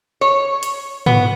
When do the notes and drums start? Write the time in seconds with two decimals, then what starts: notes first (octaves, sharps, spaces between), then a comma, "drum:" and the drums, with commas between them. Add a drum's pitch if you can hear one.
0.21 C#5
0.63 drum: hi-hat
1.06 B3, drum: tom G#2